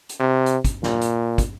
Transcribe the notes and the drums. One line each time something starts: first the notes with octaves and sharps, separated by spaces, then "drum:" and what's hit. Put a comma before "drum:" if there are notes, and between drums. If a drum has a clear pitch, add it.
drum: hi-hat
C3
drum: hi-hat
drum: kick, hi-hat
A#2, drum: snare
drum: hi-hat
drum: kick, hi-hat